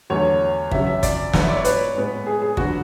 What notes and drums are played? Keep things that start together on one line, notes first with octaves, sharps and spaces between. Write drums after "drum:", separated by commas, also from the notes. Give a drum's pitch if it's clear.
E2 D3 F#3 A3 C#5
E2 C#3 F#3 E5, drum: kick
E5
D5, drum: kick, hi-hat
G#2 F#3 B3 F#5, drum: snare
E5
D5
C#5
B4, drum: hi-hat
A2 G#3 B3
G#4
G#4
E2 D3 F#3 B3 F#4, drum: kick